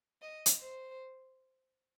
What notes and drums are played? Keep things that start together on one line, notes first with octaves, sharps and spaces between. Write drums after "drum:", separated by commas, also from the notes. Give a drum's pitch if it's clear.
D#5
drum: hi-hat
C5